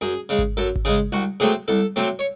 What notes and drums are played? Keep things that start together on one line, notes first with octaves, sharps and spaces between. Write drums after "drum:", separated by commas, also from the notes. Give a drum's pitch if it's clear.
F#2 G#4
C#3 G#3
drum: kick G#1
F#2 A4
drum: kick G#1
C#3 G#3 G#4
C2 F#4
C3 F#3 A3 C4 G#4
C2 A4
C3 F#3 A3 C4
C#5